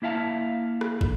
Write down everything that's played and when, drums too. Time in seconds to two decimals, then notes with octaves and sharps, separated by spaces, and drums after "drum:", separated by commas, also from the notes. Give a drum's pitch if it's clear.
0.02 A#3 E4 E5 F5 A5
0.81 drum: rim click
1.01 drum: kick